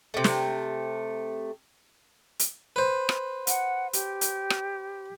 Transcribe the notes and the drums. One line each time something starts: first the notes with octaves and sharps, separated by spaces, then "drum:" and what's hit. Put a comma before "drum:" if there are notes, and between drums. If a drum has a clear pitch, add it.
C3 A3
drum: snare
drum: hi-hat
B4 C5
drum: rim click
F#5, drum: hi-hat
G4, drum: hi-hat
drum: hi-hat
drum: rim click